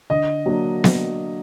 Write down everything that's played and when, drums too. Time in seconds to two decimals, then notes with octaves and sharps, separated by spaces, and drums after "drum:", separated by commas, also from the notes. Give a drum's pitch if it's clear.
0.10 D3 D#5
0.46 F#3 A#3 D4
0.84 drum: snare B3